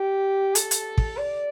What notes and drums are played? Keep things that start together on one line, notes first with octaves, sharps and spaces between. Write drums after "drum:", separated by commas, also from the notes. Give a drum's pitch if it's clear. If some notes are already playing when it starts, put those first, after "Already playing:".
Already playing: G4
A4, drum: hi-hat
drum: hi-hat
drum: kick
D5